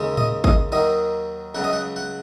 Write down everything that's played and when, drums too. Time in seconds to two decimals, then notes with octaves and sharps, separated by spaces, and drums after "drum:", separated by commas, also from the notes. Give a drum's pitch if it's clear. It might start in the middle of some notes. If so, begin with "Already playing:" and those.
Already playing: D#2 C#3 G#3
0.17 D#5, drum: tom A2
0.44 D#5, drum: kick
0.72 D#2 D#3 F#3 D#5
1.55 C#2 C#3 F#3 F#5
1.64 D#5
1.73 F#5
1.96 F#5